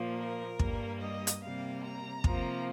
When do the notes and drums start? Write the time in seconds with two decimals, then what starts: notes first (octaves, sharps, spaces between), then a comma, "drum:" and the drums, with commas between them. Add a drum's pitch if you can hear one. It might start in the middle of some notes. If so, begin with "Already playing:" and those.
Already playing: A#2 F3 A#3
0.18 A#4
0.60 G2 G3 A#3, drum: kick
1.01 D#5
1.27 drum: hi-hat
1.42 C3 G3 A#3 F5
1.83 A#5
2.24 C3 F3 A#3, drum: kick